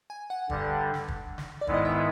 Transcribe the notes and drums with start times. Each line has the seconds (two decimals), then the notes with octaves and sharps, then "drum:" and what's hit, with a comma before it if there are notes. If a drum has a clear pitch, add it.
0.10 G#5
0.30 F#5
0.50 G2 D3 G3, drum: kick
0.94 drum: snare
1.08 drum: kick
1.38 drum: snare
1.61 D5
1.67 G#2 D#3 G#3 B3 E4, drum: kick
1.74 D#5
1.85 E5